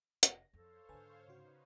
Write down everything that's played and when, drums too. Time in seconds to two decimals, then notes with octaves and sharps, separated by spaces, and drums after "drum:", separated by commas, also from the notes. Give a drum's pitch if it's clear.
0.23 F1 A#6, drum: hi-hat
0.53 F2 A4 C5 C#5 F5
0.89 G#2 D3 B4 G#5 A5
1.28 C#3 D#4 F#4 B4